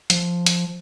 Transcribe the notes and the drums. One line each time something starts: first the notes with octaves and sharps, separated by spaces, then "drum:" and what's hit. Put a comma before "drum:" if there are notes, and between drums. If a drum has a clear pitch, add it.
F3, drum: hi-hat
drum: hi-hat